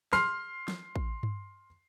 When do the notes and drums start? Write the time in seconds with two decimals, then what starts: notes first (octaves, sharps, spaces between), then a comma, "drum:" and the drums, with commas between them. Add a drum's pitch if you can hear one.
0.13 C6 F6 C7, drum: snare
0.68 drum: snare
0.96 drum: kick A1
1.23 drum: tom G2